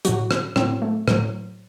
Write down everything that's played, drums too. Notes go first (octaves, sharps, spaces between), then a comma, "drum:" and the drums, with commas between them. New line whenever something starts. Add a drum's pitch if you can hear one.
A2 F#3 F#4, drum: hi-hat
drum: rim click
A2 F#3 C4, drum: rim click
A3
A2 F#3, drum: rim click